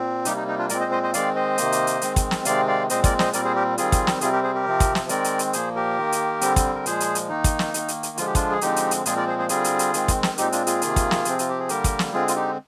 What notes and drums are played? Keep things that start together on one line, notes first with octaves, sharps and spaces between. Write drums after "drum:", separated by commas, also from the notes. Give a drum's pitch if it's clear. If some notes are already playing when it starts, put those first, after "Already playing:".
Already playing: A#2 C4
C3 G3 A#3 D#4 G4, drum: hi-hat
D#4
D#4
D4 F4
A#2 G#3 C4 A#4 D5, drum: hi-hat
C5 D#5
C5 D#5
C5 D#5
D#3 G#3 C4 D5 F5, drum: hi-hat
C5 D#5
C3 D#3 A#3, drum: hi-hat
drum: hi-hat
drum: hi-hat
D#3 G#3 C4, drum: hi-hat
drum: kick, hi-hat
drum: snare
C3 D#3 G#3 C4 D5 F5, drum: hi-hat
D5 F5
A#2 G#3 C4 C5 D#5, drum: hi-hat
A#4 D5, drum: kick, hi-hat
C5 D#5, drum: snare
A#2 G3 C4 A#4 D5, drum: hi-hat
G#4 C5
G4 A#4
D#3 G3 C4 F4 G#4, drum: hi-hat
drum: kick, hi-hat
drum: snare
C3 G3 C4 F4 G#4, drum: hi-hat
G4 A#4
G#4 C5
G4 A#4
C3 F3 C4
drum: kick, hi-hat
drum: snare
D#3 G#3 C4 A#4 D5, drum: hi-hat
drum: hi-hat
drum: hi-hat
A#2 F3 A#3 G#4 C5, drum: hi-hat
G4 A#4
D#3 A#3
drum: hi-hat
D3 G3 C4, drum: hi-hat
drum: kick, hi-hat
A#4
A#2 F3 G#3 G#4 C5, drum: hi-hat
drum: hi-hat
drum: hi-hat
D#3 A#3 D#4
drum: kick, hi-hat
drum: snare
D#3 A#3, drum: hi-hat
drum: hi-hat
drum: hi-hat
D3 F3 G#3 F4, drum: hi-hat
G4
D4 F4, drum: kick, hi-hat
G#4
D3 F3 G#3 C4 D#4 G4, drum: hi-hat
drum: hi-hat
drum: hi-hat
A#2 F3 G#3 C4 F4 G#4, drum: hi-hat
A#4 D5
G#4 C5
G#4 C5
D3 G3 C4 F4 G#4, drum: hi-hat
drum: hi-hat
drum: hi-hat
D#3 G#3 C4, drum: hi-hat
drum: kick, hi-hat
drum: snare
A#2 G#3 C4 D#4 G4, drum: hi-hat
D4 F4, drum: hi-hat
F4 G#4, drum: hi-hat
C3 D#3 A#3, drum: hi-hat
drum: kick, hi-hat
drum: snare
C3 F3 C4, drum: hi-hat
F4, drum: hi-hat
G4
G#4
D3 G3 A#3 G4 A#4, drum: hi-hat
drum: kick, hi-hat
drum: snare
D3 G#3 C4 F4 G#4
F4, drum: hi-hat
D#4 G4